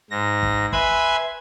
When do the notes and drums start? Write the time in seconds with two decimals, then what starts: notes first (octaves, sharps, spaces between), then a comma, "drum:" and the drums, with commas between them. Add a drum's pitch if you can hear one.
0.10 G#2 A#6
0.43 drum: kick
0.72 B4 E5 G#5 B5 C6 G#6, drum: kick